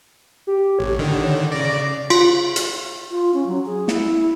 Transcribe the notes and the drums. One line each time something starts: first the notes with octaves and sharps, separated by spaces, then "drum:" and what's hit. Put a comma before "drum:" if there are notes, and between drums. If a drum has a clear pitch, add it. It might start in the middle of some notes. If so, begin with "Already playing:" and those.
G4
A1 C#5
D3 D#3
C#3 D5 A#6
F4, drum: cymbal
drum: hi-hat
F4
C#4
F#3
G#4
E4, drum: snare